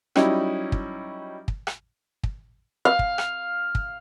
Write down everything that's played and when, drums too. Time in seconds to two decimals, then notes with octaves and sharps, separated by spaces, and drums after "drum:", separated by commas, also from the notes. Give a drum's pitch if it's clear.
0.15 F#3 G3 C#4 D#4 E4, drum: rim click
0.72 drum: kick
1.48 drum: kick
1.67 drum: rim click
2.23 drum: kick
2.85 F5
2.99 drum: kick
3.18 drum: rim click
3.75 drum: kick